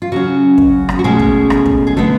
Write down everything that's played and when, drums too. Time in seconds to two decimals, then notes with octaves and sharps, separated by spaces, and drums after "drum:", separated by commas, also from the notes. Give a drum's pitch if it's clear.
0.02 F4
0.12 C#3 F#3 C#4 F#4
0.58 drum: kick
0.89 drum: rim click
0.99 F#4
1.04 B2 G#3 A3 C#4 G#4
1.19 drum: kick
1.50 drum: rim click
1.66 drum: kick
1.87 G#4
1.97 D3 G#3 A3 B3 A4